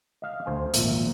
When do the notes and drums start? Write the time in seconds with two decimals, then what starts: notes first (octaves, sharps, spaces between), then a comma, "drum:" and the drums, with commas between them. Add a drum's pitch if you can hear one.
0.22 D#5 F5
0.46 D2 C5 G#5
0.74 G#1 A#2 F3 A#3 E5, drum: hi-hat